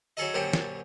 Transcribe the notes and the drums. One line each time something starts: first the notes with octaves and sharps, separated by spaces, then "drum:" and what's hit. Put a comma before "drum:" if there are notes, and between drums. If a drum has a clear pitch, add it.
F#3 G#4 A4 D#5
A#1 F#2 D3 F#3 G4
drum: snare